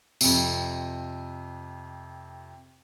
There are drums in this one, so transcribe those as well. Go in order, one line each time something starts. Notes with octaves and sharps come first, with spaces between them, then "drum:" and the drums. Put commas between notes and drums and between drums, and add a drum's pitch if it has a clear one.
F2 C3, drum: tambourine